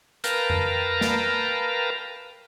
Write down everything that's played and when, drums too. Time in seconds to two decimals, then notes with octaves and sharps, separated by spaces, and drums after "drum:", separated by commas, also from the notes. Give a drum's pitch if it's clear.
0.24 A#4 B4 F5 G5 A5 A#5, drum: hi-hat
0.50 drum: tom F2
1.01 drum: snare